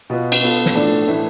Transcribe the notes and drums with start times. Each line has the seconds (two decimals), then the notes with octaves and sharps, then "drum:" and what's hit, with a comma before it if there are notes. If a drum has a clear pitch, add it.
0.10 B2 B3 F4 B4
0.32 drum: cymbal
0.42 B3 F4 A4
0.66 drum: snare
0.75 A2 F3 A3 D4 A4
1.07 A2 E3 A3 E4 B4